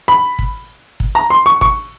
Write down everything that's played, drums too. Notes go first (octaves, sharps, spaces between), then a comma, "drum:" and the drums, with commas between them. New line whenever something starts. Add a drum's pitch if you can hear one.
B5
drum: kick
drum: kick
A#5
C6
C#6
C#6, drum: kick